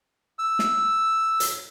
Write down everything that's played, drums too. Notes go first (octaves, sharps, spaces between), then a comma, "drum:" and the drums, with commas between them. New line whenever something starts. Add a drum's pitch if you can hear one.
E6
drum: snare
drum: hi-hat